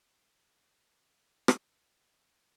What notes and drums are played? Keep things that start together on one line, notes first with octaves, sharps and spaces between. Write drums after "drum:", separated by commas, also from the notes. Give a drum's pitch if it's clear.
G#1 C#2 D3 F3 A3 D#4
drum: rim click